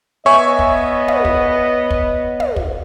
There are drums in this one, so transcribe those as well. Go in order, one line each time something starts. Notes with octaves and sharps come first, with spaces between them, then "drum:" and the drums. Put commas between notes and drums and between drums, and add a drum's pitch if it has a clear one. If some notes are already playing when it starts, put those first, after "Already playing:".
B3 C#5 D#5 E5 G#5 C#6
drum: kick
drum: tom
drum: kick
drum: kick
drum: tom
drum: kick